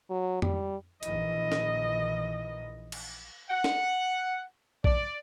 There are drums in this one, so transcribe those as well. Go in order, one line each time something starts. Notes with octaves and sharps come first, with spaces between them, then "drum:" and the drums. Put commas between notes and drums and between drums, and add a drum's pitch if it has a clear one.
F#3
G3, drum: tom F2
A#1 D#3 E3 D#5, drum: hi-hat
drum: snare
drum: cymbal
F#5
drum: snare
D5, drum: kick A#1